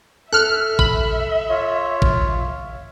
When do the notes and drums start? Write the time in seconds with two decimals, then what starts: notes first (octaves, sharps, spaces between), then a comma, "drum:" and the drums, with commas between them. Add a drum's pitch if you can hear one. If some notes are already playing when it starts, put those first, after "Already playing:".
0.33 A4 E5 F6 F#6
0.79 B5, drum: kick G#1
1.50 F4 C#5
2.02 drum: kick G#1